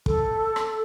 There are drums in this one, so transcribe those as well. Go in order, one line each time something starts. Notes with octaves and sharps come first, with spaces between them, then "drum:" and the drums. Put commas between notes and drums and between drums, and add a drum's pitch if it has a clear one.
A4, drum: kick
drum: rim click